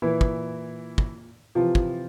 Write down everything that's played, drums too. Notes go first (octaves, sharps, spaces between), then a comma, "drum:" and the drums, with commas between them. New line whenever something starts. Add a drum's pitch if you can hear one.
A#2 E3 E4
drum: kick
drum: kick
C3 E3 F3 F4
drum: kick